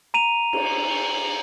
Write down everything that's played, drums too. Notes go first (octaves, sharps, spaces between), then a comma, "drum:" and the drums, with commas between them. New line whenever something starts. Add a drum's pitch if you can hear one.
A#5 D#7 F7
drum: cymbal